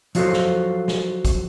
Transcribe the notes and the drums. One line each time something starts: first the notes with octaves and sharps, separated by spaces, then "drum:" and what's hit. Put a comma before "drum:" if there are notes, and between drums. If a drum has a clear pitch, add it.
F3 F#3 F4 F#4 A4 C5, drum: hi-hat
drum: snare
drum: snare
drum: kick, hi-hat